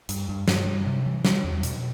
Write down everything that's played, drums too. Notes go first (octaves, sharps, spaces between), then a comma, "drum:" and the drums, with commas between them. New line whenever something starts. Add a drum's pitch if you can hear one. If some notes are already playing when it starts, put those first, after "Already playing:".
G2, drum: hi-hat
G2
G2, drum: snare
G3
C3
E3
G3, drum: snare
E2
B2, drum: hi-hat